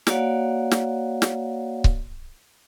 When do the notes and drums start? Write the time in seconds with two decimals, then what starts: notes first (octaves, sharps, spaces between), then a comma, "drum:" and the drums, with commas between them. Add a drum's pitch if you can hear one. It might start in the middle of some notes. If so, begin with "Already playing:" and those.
0.07 A#3 F#4 C#5 D5 F5 F#5, drum: snare
0.71 drum: snare
1.22 drum: snare
1.84 drum: kick C#1